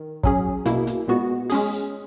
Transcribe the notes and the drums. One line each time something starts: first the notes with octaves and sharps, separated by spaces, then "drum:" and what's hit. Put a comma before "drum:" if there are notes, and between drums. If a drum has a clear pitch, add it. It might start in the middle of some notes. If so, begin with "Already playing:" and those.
Already playing: D#3
F#3 C#4 G#4, drum: kick
B2 A#3 E4, drum: hi-hat
drum: hi-hat
A#2 G#3 B3 F#4
G#3 C#4 G#4, drum: open hi-hat